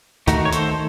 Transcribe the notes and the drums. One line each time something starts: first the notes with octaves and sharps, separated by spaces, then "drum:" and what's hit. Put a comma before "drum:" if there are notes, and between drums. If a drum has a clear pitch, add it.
D#3 A3 D#4 F#4, drum: kick, hi-hat
C#5
A4 C5, drum: hi-hat